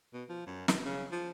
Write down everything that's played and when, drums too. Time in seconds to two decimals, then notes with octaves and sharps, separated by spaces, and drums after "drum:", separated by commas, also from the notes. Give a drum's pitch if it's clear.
0.13 B2
0.29 F3
0.47 F#2
0.68 B2, drum: snare
0.85 C#3
1.11 F3